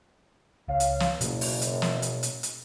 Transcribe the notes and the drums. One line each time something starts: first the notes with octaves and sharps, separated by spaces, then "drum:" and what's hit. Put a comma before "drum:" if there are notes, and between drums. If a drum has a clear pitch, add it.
C#2 C#5 F5
drum: hi-hat
drum: snare
F#1 B2 A#3, drum: hi-hat
drum: open hi-hat
drum: hi-hat
drum: snare
drum: hi-hat
drum: hi-hat
drum: hi-hat